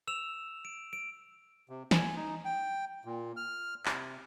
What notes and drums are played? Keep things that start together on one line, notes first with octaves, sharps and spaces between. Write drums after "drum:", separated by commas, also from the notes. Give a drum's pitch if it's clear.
E6 E7 F7
D7
D7
C3
G#5, drum: snare
D#4
G5
A#2
F6
C3, drum: clap